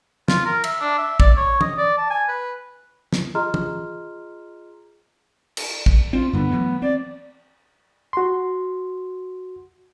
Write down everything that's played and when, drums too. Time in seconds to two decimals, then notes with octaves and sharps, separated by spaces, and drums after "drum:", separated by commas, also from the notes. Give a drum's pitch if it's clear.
0.28 F4, drum: snare
0.45 A#4
0.64 E5, drum: cymbal
0.81 D4
0.98 E5
1.20 D5, drum: kick
1.37 C#5
1.61 D#5, drum: tom
1.78 D5
1.97 A5
2.10 G#5
2.28 B4
3.13 drum: snare
3.35 F4 G#4 D#5 A#5 C6 F6
3.54 drum: tom
5.57 drum: cymbal
5.86 drum: kick
6.13 C4 F4
6.33 G2 D3 B3
6.51 E3 F#3 A3
6.82 C4 D5
8.13 F#4 C6